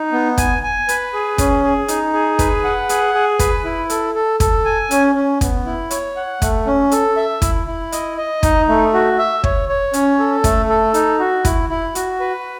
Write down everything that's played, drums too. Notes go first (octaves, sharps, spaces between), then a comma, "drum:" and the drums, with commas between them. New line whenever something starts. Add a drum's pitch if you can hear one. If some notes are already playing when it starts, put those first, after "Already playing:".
Already playing: D#4
B3
G#5, drum: kick, hi-hat
G#5
B4, drum: hi-hat
G#4
C#4, drum: kick, hi-hat
G#4
D#4, drum: hi-hat
G#4
B4, drum: kick, hi-hat
F#5
G#4, drum: hi-hat
G#4
B4, drum: kick, hi-hat
E4
A4, drum: hi-hat
A4
A4, drum: kick, hi-hat
G#5
C#4, drum: hi-hat
C#4
B3, drum: kick, hi-hat
E4
C#5, drum: hi-hat
F#5
A3, drum: kick, hi-hat
C#4
A4, drum: hi-hat
E5
E4, drum: kick, hi-hat
E4
D#5, drum: hi-hat
D#5
D#4, drum: kick, hi-hat
A3
F#4
E5
C#5, drum: kick
C#5
C#4, drum: hi-hat
A4
A3, drum: kick, hi-hat
A4
D#4, drum: hi-hat
F#4
E4, drum: kick, hi-hat
E4
F#4, drum: hi-hat
B4